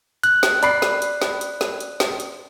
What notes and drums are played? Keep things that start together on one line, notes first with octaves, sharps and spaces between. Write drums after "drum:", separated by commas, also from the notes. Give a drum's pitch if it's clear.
F#6, drum: hi-hat
drum: snare
D5 B5 C7, drum: hi-hat
drum: snare
drum: hi-hat
drum: snare
drum: hi-hat
drum: snare
drum: hi-hat
drum: snare
drum: hi-hat